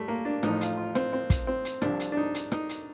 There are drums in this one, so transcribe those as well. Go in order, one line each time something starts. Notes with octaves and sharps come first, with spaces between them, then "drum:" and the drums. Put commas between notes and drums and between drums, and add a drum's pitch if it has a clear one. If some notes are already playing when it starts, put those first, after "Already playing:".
Already playing: G3 A3
A#3
D4
A1 A2 F3 D#4, drum: rim click
F4, drum: hi-hat
F4
C4, drum: rim click
C4
drum: kick, hi-hat
C4
drum: hi-hat
C2 C3 F3 D4, drum: rim click
drum: hi-hat
D4
D#4
drum: hi-hat
D#4, drum: rim click
drum: hi-hat